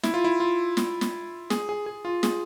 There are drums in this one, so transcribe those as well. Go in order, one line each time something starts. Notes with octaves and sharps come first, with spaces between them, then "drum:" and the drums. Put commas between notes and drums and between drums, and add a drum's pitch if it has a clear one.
E4, drum: snare
F4
E4
F4
drum: snare
drum: snare
G#4, drum: snare
G#4
G#4
F4
G#4, drum: snare